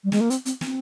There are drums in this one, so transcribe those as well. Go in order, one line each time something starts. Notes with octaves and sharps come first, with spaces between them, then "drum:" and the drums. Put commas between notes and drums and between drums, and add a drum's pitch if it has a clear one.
G3
G#3, drum: snare
A#3
C4, drum: hi-hat
C4, drum: hi-hat
C4, drum: snare